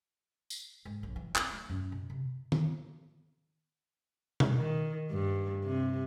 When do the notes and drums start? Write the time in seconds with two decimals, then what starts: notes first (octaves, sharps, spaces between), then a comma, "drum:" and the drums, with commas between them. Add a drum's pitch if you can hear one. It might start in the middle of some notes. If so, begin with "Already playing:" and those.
0.50 drum: tambourine
0.85 G#2
1.03 A#1
1.16 E3
1.36 C4, drum: clap
1.53 A3
1.70 F#2
1.92 B2
2.10 C3
2.52 drum: tom D#3
4.40 drum: tom B2
4.56 D#3
5.12 G2
5.65 C3